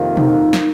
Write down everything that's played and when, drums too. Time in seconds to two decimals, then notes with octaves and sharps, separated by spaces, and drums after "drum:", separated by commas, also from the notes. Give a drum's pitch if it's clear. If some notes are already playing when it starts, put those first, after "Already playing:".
Already playing: F2 C3 D#3 A#3 F4
0.17 D#4, drum: tom B2
0.53 drum: snare